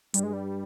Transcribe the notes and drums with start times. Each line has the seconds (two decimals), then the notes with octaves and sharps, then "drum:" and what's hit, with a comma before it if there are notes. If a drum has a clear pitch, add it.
0.14 G2 G3, drum: hi-hat
0.23 G#3
0.33 G3